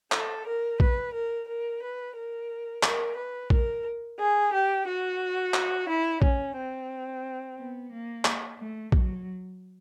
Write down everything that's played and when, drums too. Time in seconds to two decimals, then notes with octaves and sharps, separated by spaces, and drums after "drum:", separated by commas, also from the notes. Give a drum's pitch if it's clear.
0.12 A4, drum: clap
0.46 A#4
0.80 B4, drum: kick
1.14 A#4
1.47 A#4
1.82 B4
2.15 A#4
2.83 A#4, drum: clap
3.16 B4
3.50 A#4, drum: kick
4.18 G#4
4.52 G4
4.86 F#4
5.54 drum: clap
5.88 E4
6.22 C#4, drum: kick
6.56 C4
7.57 B3
7.91 A#3
8.25 drum: clap
8.58 A3
8.92 F#3, drum: kick